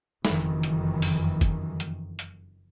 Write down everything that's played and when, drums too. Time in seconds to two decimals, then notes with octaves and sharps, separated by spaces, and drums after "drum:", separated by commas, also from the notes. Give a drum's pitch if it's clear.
0.25 F#1 F2 D#3 E3, drum: snare
0.63 drum: hi-hat
1.02 drum: open hi-hat
1.41 drum: kick, hi-hat
1.80 drum: hi-hat
2.19 drum: hi-hat